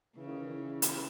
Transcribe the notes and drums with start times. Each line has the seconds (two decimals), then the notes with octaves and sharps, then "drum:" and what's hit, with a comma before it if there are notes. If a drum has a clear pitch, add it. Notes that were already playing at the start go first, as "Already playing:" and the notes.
0.17 C#3 E3
0.28 D#3
0.38 E3
0.82 drum: hi-hat